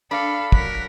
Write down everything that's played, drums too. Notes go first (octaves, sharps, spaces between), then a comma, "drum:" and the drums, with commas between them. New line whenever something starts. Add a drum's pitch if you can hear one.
D4 A4 F5 B5
F#3 A#4 F#6 B6, drum: kick